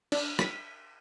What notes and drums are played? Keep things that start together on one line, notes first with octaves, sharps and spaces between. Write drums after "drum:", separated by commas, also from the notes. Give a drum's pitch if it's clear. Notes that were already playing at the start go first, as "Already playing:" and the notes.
D4, drum: cymbal
B6, drum: rim click